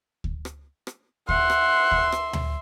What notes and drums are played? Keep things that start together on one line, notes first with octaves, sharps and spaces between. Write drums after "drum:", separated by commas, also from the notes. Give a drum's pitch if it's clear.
drum: kick D2
drum: rim click
drum: rim click
E5 F#5 C6, drum: kick D2
drum: rim click
drum: kick D2
drum: rim click
drum: tom D2